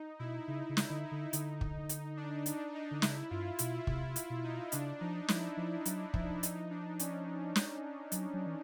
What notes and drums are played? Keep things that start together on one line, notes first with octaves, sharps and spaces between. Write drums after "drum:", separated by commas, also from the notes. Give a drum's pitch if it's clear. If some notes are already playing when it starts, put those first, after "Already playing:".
Already playing: D#4
B2 E4
C#3 D#4
C#3
E4, drum: snare
D3
D#4
D3
D3, drum: hi-hat
drum: kick
drum: hi-hat
D4
D4, drum: hi-hat
D#4
D3
C#3 E4, drum: snare
G2 F4
B2 E4, drum: hi-hat
C3 E4, drum: kick
E4, drum: hi-hat
B2
D#4
C#3 D4, drum: hi-hat
F3 D#4
F3 E4, drum: snare
F3 E4
F#3, drum: hi-hat
F3 E4, drum: kick
D#4, drum: hi-hat
D4
C#4, drum: hi-hat
drum: snare
F#3, drum: hi-hat
F#3
E3